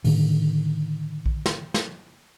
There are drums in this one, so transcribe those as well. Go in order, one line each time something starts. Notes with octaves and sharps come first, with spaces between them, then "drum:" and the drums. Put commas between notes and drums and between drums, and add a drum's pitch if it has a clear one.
A2 D3 D#3, drum: open hi-hat
drum: kick A#1
drum: snare
drum: snare